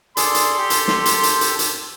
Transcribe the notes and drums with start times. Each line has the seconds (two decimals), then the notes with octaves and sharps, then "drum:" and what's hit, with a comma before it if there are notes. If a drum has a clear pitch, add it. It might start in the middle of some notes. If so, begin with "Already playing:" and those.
0.17 G#4 A4 D5 C6, drum: hi-hat
0.34 drum: hi-hat
0.58 G4 A4
0.70 drum: hi-hat
0.88 drum: snare
1.05 drum: hi-hat
1.23 drum: hi-hat
1.41 drum: hi-hat
1.59 drum: hi-hat